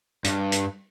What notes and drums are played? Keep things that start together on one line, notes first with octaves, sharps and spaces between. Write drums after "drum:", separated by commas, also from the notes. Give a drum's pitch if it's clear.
G2, drum: hi-hat
drum: hi-hat